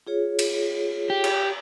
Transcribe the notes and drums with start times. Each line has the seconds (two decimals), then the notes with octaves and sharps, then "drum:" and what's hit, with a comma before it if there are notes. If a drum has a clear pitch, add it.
0.07 F4 G#4 C#5
0.39 drum: cymbal
1.10 G4
1.24 drum: cymbal